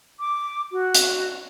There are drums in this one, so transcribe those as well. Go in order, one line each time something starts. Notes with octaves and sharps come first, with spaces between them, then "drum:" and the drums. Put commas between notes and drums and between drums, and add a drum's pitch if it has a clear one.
D6
F#4
drum: hi-hat